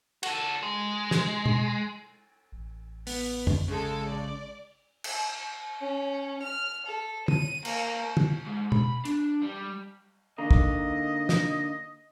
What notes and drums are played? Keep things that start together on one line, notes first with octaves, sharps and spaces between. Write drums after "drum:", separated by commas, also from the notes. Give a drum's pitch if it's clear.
F#4 A4, drum: cymbal
G#3
drum: snare
drum: tom
A1
B3, drum: open hi-hat
drum: tom
C#3 G#3 A4
D5
drum: cymbal
C#4
F6
A4
D#7, drum: tom
A#3, drum: cymbal
drum: tom
G#2
B5, drum: tom
D4, drum: hi-hat
G3
D3 A#3 D#4 D#5
drum: kick
drum: snare